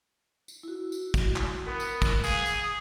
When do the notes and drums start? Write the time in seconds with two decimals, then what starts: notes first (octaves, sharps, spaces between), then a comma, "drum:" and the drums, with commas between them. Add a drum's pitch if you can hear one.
0.48 drum: tambourine
0.63 E4 F#4
0.92 drum: tambourine
1.14 drum: kick, tambourine
1.36 drum: clap
1.66 B3 A#4
1.80 drum: tambourine
2.02 drum: kick, tambourine
2.24 G#4 F5, drum: tambourine
2.46 drum: tambourine